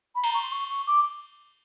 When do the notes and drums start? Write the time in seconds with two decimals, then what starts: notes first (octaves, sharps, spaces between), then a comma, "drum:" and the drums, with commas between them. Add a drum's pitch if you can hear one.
0.15 B5
0.24 A#5, drum: cymbal
0.34 C#6
0.41 C6
0.51 C#6
0.69 C#6
0.86 D6